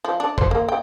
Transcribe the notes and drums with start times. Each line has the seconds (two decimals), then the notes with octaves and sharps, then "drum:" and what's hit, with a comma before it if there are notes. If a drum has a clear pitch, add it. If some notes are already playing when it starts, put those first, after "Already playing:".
0.04 F3
0.20 D4
0.38 C5, drum: kick
0.51 A#3
0.68 G5